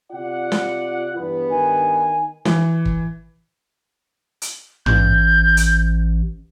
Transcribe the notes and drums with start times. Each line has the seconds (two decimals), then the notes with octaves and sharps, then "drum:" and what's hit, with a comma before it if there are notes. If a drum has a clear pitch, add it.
0.12 C3 F4 D5 F#5
0.52 drum: snare
1.16 E2 G2 B3 B4
1.50 D#3 G#5
2.45 E3, drum: snare
2.85 drum: kick G1
4.42 drum: hi-hat
4.86 A1 G6, drum: tom
5.57 drum: hi-hat